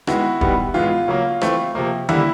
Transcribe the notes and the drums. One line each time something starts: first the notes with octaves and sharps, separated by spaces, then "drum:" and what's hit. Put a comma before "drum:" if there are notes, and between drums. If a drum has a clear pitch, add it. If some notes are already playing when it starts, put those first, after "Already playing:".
D#3 G#3 B3 E4 F#4, drum: rim click
D#3 G3 B3, drum: kick E1
A2 E3 G#3 B3 F4
C#3 F#3 A#3
E3 A3 C4, drum: rim click
C3 F3 A#3
D3 G3 A#3 E4, drum: tom D#3